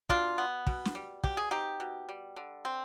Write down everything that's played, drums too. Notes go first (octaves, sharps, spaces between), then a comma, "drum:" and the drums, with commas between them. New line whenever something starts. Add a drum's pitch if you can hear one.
B2 D4 F4, drum: kick
B3
B2, drum: kick
drum: snare
G3
B2 G4, drum: kick
G#4
C4 D#4 G4
B2
G3
D3
C4